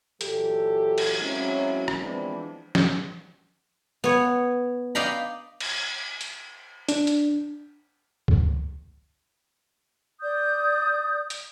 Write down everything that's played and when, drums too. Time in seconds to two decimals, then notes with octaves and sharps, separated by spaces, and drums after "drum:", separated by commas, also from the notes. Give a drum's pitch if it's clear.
0.21 A#2 E3 F#3 G4 A4, drum: hi-hat
0.98 drum: cymbal
1.19 F#3 G#3 A#3 C4 C#4 E4
1.88 drum: rim click
2.00 E3 F3 G#3 B3 C4 D4
2.75 drum: snare
4.04 B3 C#5
4.95 D5 D#5 F5 G5 A#5 B5
5.60 drum: cymbal
6.21 drum: hi-hat
6.89 D4, drum: hi-hat
7.07 drum: hi-hat
8.28 drum: kick C#2
10.21 D5 D#6 G6
11.30 drum: hi-hat